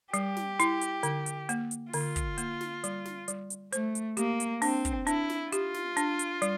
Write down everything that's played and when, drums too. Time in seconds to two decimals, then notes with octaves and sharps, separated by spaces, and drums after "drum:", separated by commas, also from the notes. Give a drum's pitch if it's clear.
0.14 G3 G4, drum: hi-hat
0.37 drum: snare
0.60 E4, drum: hi-hat
0.81 drum: hi-hat
1.03 D3, drum: hi-hat
1.26 drum: hi-hat
1.49 A#3, drum: hi-hat
1.71 drum: hi-hat
1.93 D3 F4, drum: open hi-hat
2.16 drum: kick, hi-hat
2.38 A#3, drum: hi-hat
2.61 drum: snare
2.84 G3, drum: hi-hat
3.05 drum: snare
3.28 G3, drum: hi-hat
3.50 drum: hi-hat
3.72 A3 C5, drum: hi-hat
3.95 drum: hi-hat
4.17 A#3 G4, drum: hi-hat
4.40 drum: hi-hat
4.62 C4 D4, drum: open hi-hat
4.85 drum: kick, hi-hat
5.07 D4 E4, drum: hi-hat
5.30 drum: snare
5.52 F4 G4, drum: hi-hat
5.74 drum: snare
5.97 D4, drum: hi-hat
6.19 drum: hi-hat
6.42 G3, drum: hi-hat